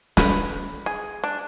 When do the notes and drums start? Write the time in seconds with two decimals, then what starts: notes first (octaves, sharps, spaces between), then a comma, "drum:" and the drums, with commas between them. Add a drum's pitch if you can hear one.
0.17 B4, drum: snare
0.86 G#4
1.24 D4